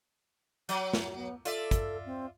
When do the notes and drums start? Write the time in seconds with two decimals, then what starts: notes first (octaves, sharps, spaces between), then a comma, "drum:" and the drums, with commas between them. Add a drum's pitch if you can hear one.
0.69 F#3, drum: hi-hat
0.93 drum: snare
1.15 B3
1.45 F4 A4 D5 E5, drum: hi-hat
1.71 drum: kick, hi-hat
2.06 C4